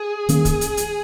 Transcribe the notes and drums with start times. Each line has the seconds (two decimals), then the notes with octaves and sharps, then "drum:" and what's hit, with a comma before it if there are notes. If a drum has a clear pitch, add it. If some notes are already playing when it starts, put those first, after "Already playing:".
Already playing: G#4
0.29 D#3 A#3 C#4, drum: hi-hat
0.45 drum: kick, hi-hat
0.61 drum: hi-hat
0.77 drum: hi-hat